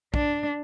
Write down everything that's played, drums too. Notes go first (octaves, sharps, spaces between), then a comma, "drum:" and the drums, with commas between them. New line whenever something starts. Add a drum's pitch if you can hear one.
D4, drum: kick